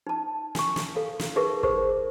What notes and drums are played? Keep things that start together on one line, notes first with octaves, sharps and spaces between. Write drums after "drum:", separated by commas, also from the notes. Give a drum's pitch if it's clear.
D#4 A5
G#5 C#6, drum: snare
drum: snare
A4 F5
drum: snare
D#4 G#4 A#4 B4 E5 C#6
D#4 G#4 A#4 C5 C#6, drum: kick